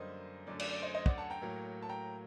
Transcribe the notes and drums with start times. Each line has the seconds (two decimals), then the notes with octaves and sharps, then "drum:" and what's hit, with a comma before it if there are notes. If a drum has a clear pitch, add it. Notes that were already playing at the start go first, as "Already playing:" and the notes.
Already playing: F#2 D3 G3 A#3 C5 D#5
0.47 F#2 D3 A3 D5
0.59 D5, drum: cymbal
0.71 D5
0.82 C5 D#5
0.94 C5 D#5
1.06 D5 F#5, drum: kick
1.18 F#5 A5
1.30 G5 A#5
1.42 A2 F#3 A#3
1.82 A5
1.89 G5 A#5